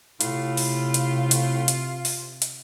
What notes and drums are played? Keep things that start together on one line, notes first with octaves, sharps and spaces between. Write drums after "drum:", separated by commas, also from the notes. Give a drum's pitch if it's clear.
A2 C3 F4, drum: hi-hat
drum: open hi-hat
drum: hi-hat
drum: hi-hat
drum: hi-hat
drum: open hi-hat
drum: hi-hat